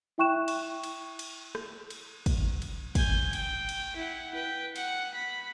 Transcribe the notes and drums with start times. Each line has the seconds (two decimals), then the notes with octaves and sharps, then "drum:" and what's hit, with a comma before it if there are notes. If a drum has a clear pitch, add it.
0.18 E4 E5 G5 C#6 F#6 E7
0.48 drum: cymbal
0.83 drum: cymbal
1.19 drum: cymbal
1.55 drum: rim click
1.90 drum: cymbal
2.26 drum: kick, cymbal
2.62 drum: cymbal
2.95 G#5 G6, drum: kick, cymbal
3.33 G5, drum: cymbal
3.69 drum: cymbal
3.96 E4 F#5
4.34 B4 G5
4.76 F#5, drum: cymbal
5.15 B5